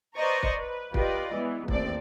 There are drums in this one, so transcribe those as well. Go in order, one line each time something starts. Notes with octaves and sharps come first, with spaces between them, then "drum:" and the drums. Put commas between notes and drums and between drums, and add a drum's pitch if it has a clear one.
B4 C5 D5 D#5 A#5 C#6
drum: kick
B4
F4 G4 B4 D5 D#5, drum: kick
E3 G#3 B3
A1 D#2 C4 D5, drum: kick